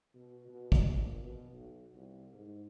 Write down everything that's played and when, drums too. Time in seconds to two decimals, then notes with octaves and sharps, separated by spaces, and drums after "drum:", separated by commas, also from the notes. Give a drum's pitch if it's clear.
0.15 B2
0.49 B2
0.72 drum: kick
0.83 A#1
1.22 B2
1.53 B1
1.94 C2
2.33 G#2